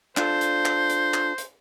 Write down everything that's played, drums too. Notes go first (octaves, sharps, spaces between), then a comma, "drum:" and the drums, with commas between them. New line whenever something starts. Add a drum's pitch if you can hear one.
D4 F4 A4 C5, drum: clap
drum: hi-hat
drum: clap
drum: hi-hat
drum: clap
drum: hi-hat